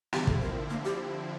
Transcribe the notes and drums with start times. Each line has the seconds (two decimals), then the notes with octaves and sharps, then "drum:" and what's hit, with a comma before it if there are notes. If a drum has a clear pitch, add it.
0.13 D3 F3 C4 E4 G4, drum: snare
0.27 A4, drum: kick
0.42 A#4
0.70 A#3
0.85 G4